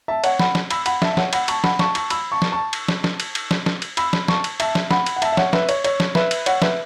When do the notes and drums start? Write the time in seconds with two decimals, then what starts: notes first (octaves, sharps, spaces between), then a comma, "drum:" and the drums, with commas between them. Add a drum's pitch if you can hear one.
0.08 E5 A5
0.24 C#5 F#5, drum: cymbal
0.40 F#5 B5, drum: snare
0.55 drum: snare
0.71 B5 E6, drum: cymbal
0.86 F#5 B5, drum: cymbal
1.02 E5 A5, drum: snare
1.13 E5
1.17 C#5 F#5, drum: snare
1.33 F#5 B5, drum: cymbal
1.48 A5 C#6, drum: cymbal
1.64 F#5 B5, drum: snare
1.79 A5 C#6, drum: snare
1.95 A5 C#6, drum: cymbal
2.10 B5 E6, drum: cymbal
2.32 A5 C#6
2.42 drum: snare
2.52 A5 C#6
2.73 drum: cymbal
2.88 drum: snare
3.04 drum: snare
3.20 drum: cymbal
3.35 drum: cymbal
3.51 drum: snare
3.66 drum: snare
3.82 drum: cymbal
3.97 B5 E6, drum: cymbal
4.13 drum: snare
4.28 A5 C#6, drum: snare
4.44 drum: cymbal
4.60 E5 A5, drum: cymbal
4.75 drum: snare
4.91 F#5 B5, drum: snare
5.06 drum: cymbal
5.16 F#5
5.22 E5 A5, drum: cymbal
5.32 E5
5.37 C#5 F#5, drum: snare
5.53 B4 E5, drum: snare
5.69 C#5, drum: cymbal
5.84 C#5, drum: cymbal
6.00 drum: snare
6.15 B4 E5, drum: snare
6.31 drum: cymbal
6.46 C#5 F#5, drum: cymbal
6.62 B4 E5, drum: snare